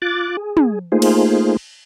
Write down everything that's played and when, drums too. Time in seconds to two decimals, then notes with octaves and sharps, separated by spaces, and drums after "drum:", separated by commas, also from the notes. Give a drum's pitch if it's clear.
0.02 F4 D6 F#6 A6
0.37 G#4
0.57 drum: tom
0.92 A3 A#3 D#4 F4 G#4 C5
1.02 drum: cymbal